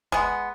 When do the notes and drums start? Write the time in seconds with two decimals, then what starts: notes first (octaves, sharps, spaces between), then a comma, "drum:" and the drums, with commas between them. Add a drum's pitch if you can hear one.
0.12 G#3 B3, drum: kick